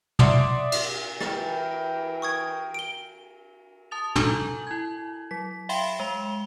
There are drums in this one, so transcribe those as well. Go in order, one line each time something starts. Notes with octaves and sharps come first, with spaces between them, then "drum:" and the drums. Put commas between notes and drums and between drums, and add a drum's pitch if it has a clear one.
D5 E5 F#5 C6 D6 D#6, drum: tom
drum: cymbal
E3 A#4 G5 A6, drum: rim click
C#6 D#6 G#6
D7 G7
A5 D#6 A6 F7
A4 G#5 A#5 G6 F#7, drum: tom
E4 G#6
F#3 B6
E5 F5 G5 B5 C6, drum: open hi-hat
G#3 F7 G7